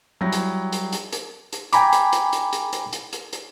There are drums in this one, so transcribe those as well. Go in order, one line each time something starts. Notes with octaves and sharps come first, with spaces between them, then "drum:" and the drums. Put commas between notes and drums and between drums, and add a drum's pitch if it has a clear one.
F#3 G3 E4 G5 A#6
drum: hi-hat
drum: hi-hat
drum: hi-hat
drum: hi-hat
drum: hi-hat
G5 G#5 A#5 B5 D6, drum: hi-hat
drum: hi-hat
drum: hi-hat
drum: hi-hat
drum: hi-hat
drum: hi-hat
drum: hi-hat
drum: hi-hat
drum: hi-hat